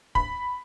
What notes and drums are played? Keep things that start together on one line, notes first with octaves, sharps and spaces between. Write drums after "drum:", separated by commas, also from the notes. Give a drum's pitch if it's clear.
B5, drum: kick